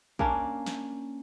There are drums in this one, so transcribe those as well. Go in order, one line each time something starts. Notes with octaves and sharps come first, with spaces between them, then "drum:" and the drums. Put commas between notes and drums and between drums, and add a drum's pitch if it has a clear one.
A#3 C#4 D4, drum: kick
drum: snare